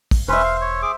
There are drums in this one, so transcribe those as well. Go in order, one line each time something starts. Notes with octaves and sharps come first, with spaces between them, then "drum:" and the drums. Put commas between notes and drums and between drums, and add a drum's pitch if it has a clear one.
drum: kick, open hi-hat
E1 C#4 B4 C5 E5
F5
C#5
G#4 D6